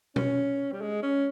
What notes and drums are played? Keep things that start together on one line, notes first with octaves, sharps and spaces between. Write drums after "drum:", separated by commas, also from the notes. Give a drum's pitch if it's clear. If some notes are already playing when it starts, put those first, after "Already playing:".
C#4, drum: tom B2
G3
G#3
C#4